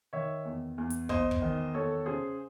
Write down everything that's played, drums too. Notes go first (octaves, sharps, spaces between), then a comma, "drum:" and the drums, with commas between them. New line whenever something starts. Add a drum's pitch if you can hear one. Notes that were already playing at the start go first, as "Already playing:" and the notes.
D#3 C#5 E5
E2
E2
drum: hi-hat
E2 C5 D#5, drum: kick
drum: kick
D#3
E2 A4 C#5
C#3 G#4 C5